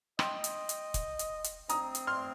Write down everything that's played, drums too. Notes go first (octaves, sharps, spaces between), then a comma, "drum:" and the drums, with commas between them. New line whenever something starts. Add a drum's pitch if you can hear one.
D#5 G5 C6, drum: rim click
drum: hi-hat
drum: hi-hat
drum: kick, hi-hat
drum: hi-hat
drum: hi-hat
C4 A#5 D#6, drum: hi-hat
drum: hi-hat
C6 F6